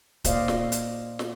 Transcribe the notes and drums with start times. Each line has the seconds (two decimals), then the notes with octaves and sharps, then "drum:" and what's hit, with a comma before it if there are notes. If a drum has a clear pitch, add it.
0.24 A#2 A#3 C5 D5 D#5 F5, drum: kick D1, hi-hat
0.48 drum: snare
0.72 drum: hi-hat
1.19 drum: snare